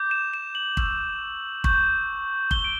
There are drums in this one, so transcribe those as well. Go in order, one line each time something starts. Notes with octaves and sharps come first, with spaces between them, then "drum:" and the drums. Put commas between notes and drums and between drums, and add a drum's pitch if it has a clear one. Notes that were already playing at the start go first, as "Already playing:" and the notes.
Already playing: D6 G6
E7
E7
F#7
C#6 E6 G6, drum: kick
C#6 G6, drum: kick
C#6 G6 G7, drum: kick
D7